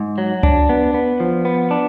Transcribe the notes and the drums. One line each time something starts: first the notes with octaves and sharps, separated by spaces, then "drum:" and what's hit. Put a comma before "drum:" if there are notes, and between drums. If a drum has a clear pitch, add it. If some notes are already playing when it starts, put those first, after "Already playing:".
Already playing: G#2
F#3
D4, drum: tom C#2
B3
B3
F3
B3
D4